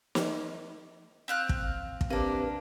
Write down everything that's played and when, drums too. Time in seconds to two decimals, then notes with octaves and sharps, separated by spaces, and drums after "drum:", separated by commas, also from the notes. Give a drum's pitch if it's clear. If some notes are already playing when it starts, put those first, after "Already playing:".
0.15 drum: snare
1.28 C4 F5 F#6
1.49 drum: kick
2.01 drum: kick
2.10 C3 A#3 D4 B4